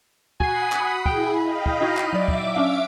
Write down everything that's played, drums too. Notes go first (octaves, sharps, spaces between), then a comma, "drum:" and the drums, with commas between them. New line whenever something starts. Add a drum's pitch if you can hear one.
F#4 F#5 G#5 B5 D#6 C7, drum: kick
drum: clap
E4 G#4 G5, drum: kick
D#5 F5 G5 B5
drum: kick
D#4 E4 F#4
drum: clap
F#3 D5 E5 D6
drum: kick
C#4 D4 F5